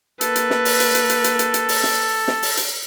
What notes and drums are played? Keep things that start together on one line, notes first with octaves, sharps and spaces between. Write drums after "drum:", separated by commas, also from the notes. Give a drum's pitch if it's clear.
A#3 A4 B4, drum: hi-hat
drum: hi-hat
drum: snare
drum: open hi-hat
drum: hi-hat
drum: hi-hat
drum: hi-hat
drum: hi-hat
drum: hi-hat
drum: hi-hat
drum: open hi-hat
drum: snare
drum: snare
drum: open hi-hat
drum: hi-hat